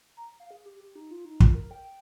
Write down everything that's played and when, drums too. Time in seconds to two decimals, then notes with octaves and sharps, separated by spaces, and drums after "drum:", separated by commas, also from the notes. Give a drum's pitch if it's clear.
0.17 A#5
0.40 F5
0.51 G#4
0.65 G4
0.80 G4
0.95 D#4
1.11 F4
1.25 D#4
1.40 F4, drum: kick
1.55 A#4
1.71 G5